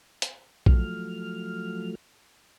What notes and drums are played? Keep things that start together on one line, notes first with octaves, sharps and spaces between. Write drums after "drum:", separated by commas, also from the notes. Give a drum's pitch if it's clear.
drum: hi-hat
F3 F#3 A3 F6, drum: kick A#1